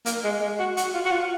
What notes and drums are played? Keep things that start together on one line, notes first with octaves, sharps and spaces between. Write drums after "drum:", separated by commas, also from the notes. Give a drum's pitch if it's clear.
A#3, drum: hi-hat
G#3
G#3
F#4
F#4, drum: hi-hat
F4
F#4
F4